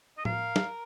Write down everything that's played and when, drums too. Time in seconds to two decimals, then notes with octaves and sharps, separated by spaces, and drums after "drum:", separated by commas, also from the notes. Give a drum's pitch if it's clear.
0.18 D#5
0.25 A#4 F5, drum: tom A2
0.56 drum: snare